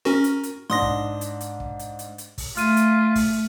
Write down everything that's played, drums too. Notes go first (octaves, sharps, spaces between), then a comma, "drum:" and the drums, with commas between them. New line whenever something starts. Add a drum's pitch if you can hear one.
C#4 F#4 A#4
drum: hi-hat
drum: hi-hat
G#2 D4 C6 D#6 A#6
drum: kick
drum: hi-hat
drum: hi-hat
drum: kick
drum: hi-hat
drum: hi-hat
drum: hi-hat
drum: kick, open hi-hat
A3 F4 F6 D#7, drum: hi-hat
drum: hi-hat
drum: kick, open hi-hat